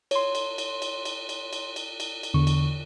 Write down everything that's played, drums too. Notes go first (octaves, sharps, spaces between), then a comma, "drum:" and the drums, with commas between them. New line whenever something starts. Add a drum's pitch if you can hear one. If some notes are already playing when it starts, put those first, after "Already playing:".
C#5 C6, drum: cymbal
drum: cymbal
drum: cymbal
drum: cymbal
drum: cymbal
drum: cymbal
drum: cymbal
drum: cymbal
drum: cymbal
drum: cymbal
E2 D3 C#6
drum: cymbal